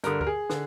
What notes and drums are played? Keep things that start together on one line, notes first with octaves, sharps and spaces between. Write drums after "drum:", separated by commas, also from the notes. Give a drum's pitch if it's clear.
G2 D3 A#4, drum: hi-hat
A#4, drum: kick D2
G#4
D3, drum: snare